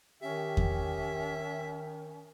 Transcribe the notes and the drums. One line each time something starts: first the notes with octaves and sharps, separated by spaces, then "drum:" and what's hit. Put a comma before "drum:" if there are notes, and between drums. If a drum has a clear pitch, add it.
D#3 C#4 G4 E5
drum: kick E2